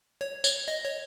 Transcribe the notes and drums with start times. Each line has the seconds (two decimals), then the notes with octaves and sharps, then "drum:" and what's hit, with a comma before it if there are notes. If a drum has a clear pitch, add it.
0.21 C#5
0.44 C#5, drum: tambourine
0.68 D#5
0.84 C#5